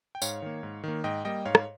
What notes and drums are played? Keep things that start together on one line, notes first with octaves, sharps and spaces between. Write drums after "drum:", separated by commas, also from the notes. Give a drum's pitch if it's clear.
G5
G#2 C#5 F5, drum: tambourine
D#3 A#3
G#2
D#3 A#3
G#2 D#5 G5
G3 A#3 D#5 G5
G#2 C#5 F5
drum: rim click